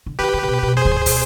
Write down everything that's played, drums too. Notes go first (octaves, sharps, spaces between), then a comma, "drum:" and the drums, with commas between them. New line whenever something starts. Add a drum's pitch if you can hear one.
D3
D#3 G4 B4
D3
C3
B2
B2
F2 G#4 C5
G2, drum: kick D2
G#2
B2, drum: open hi-hat